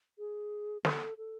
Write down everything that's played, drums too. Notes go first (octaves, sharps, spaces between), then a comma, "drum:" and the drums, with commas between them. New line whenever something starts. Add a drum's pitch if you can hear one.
G#4
A4, drum: snare
A4